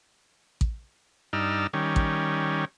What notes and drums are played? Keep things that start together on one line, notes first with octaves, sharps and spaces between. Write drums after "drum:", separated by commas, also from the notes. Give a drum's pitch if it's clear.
drum: kick A1
G2 D#4 D5 E6 F6
D#3 G3 C#4
drum: kick A1